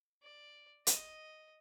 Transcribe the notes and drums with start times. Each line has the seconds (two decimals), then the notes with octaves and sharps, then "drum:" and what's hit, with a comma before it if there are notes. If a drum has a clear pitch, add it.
0.22 D5
0.87 D#5, drum: hi-hat